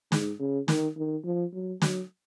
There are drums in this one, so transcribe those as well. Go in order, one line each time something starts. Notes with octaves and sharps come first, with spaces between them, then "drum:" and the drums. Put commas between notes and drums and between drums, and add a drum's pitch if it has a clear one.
G#2, drum: snare
C#3
D#3, drum: snare
D#3
F3
F#3
F#3, drum: snare